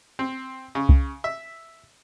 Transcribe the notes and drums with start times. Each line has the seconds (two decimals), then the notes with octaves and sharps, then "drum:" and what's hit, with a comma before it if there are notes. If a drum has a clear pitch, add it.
0.19 C4
0.75 C#3
0.89 drum: kick C2
1.24 E5